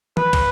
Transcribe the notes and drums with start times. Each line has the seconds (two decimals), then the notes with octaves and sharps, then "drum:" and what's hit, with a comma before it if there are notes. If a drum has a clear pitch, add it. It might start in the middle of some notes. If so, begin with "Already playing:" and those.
0.17 B4, drum: tom E3
0.33 drum: kick, cymbal